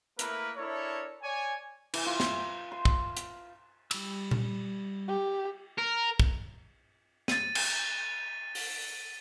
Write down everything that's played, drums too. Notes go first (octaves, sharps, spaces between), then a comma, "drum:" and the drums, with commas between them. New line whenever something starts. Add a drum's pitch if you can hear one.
A3 A#3 E4 A#4 B4, drum: hi-hat
D4 E4 A4 A#4 C#5
C#5 D5 G#5
E3, drum: cymbal
F4
drum: snare
C6
drum: kick
drum: hi-hat
G3 B5 E6, drum: cymbal
drum: tom A#2
G4
A#4
drum: kick
A6 D#7, drum: snare
drum: cymbal
drum: open hi-hat